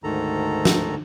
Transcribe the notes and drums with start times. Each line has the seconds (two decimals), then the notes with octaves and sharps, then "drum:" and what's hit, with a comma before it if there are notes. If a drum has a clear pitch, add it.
0.04 D2 G#2 D#3 A4 A#5
0.65 drum: snare